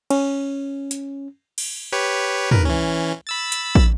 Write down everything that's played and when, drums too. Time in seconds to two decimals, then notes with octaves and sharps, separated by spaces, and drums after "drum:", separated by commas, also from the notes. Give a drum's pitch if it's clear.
0.10 C#4, drum: cymbal
0.91 drum: hi-hat
1.58 drum: cymbal
1.92 G4 B4 C#5
2.51 A#4 B4, drum: tom
2.65 E3 C#4
3.27 B5 E6 A6
3.52 drum: hi-hat
3.75 drum: kick